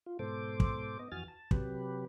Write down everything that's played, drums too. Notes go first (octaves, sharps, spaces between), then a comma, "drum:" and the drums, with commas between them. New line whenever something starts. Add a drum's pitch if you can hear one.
F4
G#2 B2 A4 C5 D6
drum: kick
B3 D#5
F2 E3 F#4 G#5 F6 A6
A5
C3 F#3 G4 B4, drum: kick